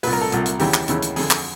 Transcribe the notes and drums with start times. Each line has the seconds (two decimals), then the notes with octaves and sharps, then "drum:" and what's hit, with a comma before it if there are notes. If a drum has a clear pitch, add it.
0.03 C2 A#2 B4, drum: open hi-hat
0.13 A#4
0.21 A4
0.32 C2 A#2, drum: hi-hat
0.46 drum: hi-hat
0.59 D#2 C#3 E3 G4, drum: open hi-hat
0.74 drum: clap
0.88 D#2 C#3 E3, drum: hi-hat
1.02 drum: hi-hat
1.16 F2 D3 G#4, drum: open hi-hat
1.31 drum: clap